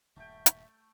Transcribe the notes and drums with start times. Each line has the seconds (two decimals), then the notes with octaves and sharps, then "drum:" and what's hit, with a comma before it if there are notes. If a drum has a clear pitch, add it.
0.16 D#1 G2 A#2 A3 E5 G5
0.46 drum: hi-hat